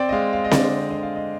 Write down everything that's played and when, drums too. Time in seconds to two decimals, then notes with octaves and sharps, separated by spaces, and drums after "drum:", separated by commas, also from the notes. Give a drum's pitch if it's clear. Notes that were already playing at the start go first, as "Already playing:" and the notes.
Already playing: C4 D5 G5
0.09 D#5
0.12 G#3 F5
0.33 F5
0.44 D#5
0.51 D3 D5, drum: snare C4
0.90 D3 D#5
1.03 F5
1.16 D#5